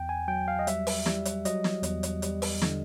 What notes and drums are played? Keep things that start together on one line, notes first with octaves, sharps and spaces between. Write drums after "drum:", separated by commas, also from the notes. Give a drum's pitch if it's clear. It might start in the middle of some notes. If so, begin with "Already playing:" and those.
Already playing: E2 G5
G#5
F#3 G5
F5
D#5
G3 E5, drum: hi-hat
drum: open hi-hat
G3, drum: snare
drum: hi-hat
F#3 D#5, drum: hi-hat
drum: snare
E2, drum: hi-hat
drum: hi-hat
G3, drum: hi-hat
drum: open hi-hat
D3, drum: snare